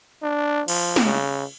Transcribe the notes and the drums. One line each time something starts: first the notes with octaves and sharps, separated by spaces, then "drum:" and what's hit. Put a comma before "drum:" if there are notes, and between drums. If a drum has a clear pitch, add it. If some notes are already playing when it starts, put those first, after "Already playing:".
D4
F3, drum: cymbal
drum: snare
C#3